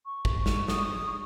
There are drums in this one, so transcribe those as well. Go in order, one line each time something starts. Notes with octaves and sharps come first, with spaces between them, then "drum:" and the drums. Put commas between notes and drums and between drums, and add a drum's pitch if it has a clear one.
C#6
drum: kick G#1
drum: snare
D#6, drum: snare